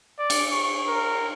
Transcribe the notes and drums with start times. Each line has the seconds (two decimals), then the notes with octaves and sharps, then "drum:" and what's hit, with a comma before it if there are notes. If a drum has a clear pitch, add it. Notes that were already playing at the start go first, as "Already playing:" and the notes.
0.19 D5
0.30 drum: cymbal
0.52 C#6
0.88 A#4